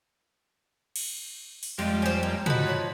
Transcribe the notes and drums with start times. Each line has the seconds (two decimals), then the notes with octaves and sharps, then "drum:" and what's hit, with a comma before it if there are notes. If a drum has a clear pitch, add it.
0.96 drum: cymbal
1.63 drum: open hi-hat
1.79 F2 G3 G#3 F4
2.02 C#4 C5
2.23 A#3
2.46 F3 D#4 F#4 B5, drum: tom
2.66 C#5